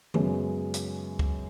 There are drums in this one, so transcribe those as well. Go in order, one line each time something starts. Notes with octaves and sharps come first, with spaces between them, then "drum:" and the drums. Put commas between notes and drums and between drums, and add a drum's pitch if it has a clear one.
F#2 C#3 G#3 B3, drum: tom
drum: hi-hat
drum: kick